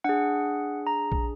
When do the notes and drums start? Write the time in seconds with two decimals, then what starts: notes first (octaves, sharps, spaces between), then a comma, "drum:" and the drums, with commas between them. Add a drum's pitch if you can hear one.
0.04 D4 G#4 F#5
0.87 A#5
1.12 drum: kick A#1